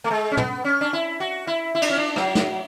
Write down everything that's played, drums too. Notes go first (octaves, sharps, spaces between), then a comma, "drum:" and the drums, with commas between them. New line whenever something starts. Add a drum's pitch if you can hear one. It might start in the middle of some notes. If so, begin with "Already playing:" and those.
A3
G#3
C#4
B3, drum: tom
C#4
D4
E4
F#4
E4
E4
D4, drum: cymbal
C#4
D4
F#3, drum: rim click
drum: snare